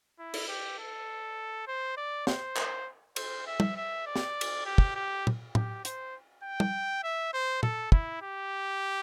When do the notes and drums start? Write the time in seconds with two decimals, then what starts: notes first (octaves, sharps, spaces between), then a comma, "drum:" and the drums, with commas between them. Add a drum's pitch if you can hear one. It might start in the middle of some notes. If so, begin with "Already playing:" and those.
0.19 E4
0.34 drum: cymbal
0.49 G4
0.79 A4
1.67 C5
1.97 D5
2.27 C5, drum: snare
2.56 drum: clap
3.16 C5, drum: cymbal
3.47 E5
3.60 drum: tom
3.77 E5
4.06 D5
4.16 drum: snare
4.41 drum: cymbal
4.65 G4
4.78 drum: kick
4.95 G4
5.27 drum: tom
5.55 G4, drum: tom A2
5.85 C5, drum: hi-hat
6.43 G5
6.60 drum: tom
7.03 E5
7.33 C5
7.63 A4, drum: tom
7.92 E4, drum: kick
8.22 G4